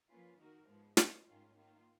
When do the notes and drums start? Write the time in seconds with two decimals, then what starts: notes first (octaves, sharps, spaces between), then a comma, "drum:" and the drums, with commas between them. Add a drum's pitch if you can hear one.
0.10 F3 A#3 C#4 F4 B4
0.38 D#3 A#3 D#4 F#4 A#4
0.68 G#2 F3 G#3 B3
0.97 F#3 C#4 F4 B4 D#5, drum: snare
1.26 G#2 D#3 G#3 C#4 F4
1.55 D#3 A#3 F4